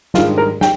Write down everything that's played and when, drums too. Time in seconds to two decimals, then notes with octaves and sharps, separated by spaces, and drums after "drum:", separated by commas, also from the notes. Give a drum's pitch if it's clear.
0.14 G#2 D#3 G3 D4 F4, drum: snare
0.38 A#4
0.61 G5, drum: snare